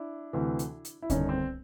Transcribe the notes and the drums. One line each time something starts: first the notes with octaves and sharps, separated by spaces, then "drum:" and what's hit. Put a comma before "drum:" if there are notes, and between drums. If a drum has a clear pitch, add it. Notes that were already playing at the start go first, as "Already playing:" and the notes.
Already playing: D4 E4
D2 C3 E3
drum: hi-hat
drum: hi-hat
E4
G1 G2 D#3 C#4 D#4, drum: kick C2, hi-hat
C4